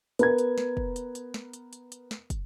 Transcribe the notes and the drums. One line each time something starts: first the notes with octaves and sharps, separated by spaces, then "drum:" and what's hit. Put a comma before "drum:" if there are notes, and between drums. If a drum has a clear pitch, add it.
B3 A#4 G#6, drum: hi-hat
drum: hi-hat
drum: snare
drum: kick
drum: hi-hat
drum: hi-hat
drum: snare
drum: hi-hat
drum: hi-hat
drum: hi-hat
drum: snare
drum: kick, hi-hat